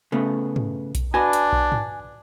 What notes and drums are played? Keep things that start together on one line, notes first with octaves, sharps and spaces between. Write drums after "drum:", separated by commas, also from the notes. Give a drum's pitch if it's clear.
C#3 A3 B3
drum: tom
drum: kick B1, hi-hat
D4 F#4 B4 G#5
drum: hi-hat
drum: kick B1
drum: tom